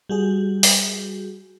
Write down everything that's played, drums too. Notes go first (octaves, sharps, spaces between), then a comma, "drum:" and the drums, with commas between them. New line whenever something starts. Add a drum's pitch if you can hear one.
G3 F#4 G#4
drum: open hi-hat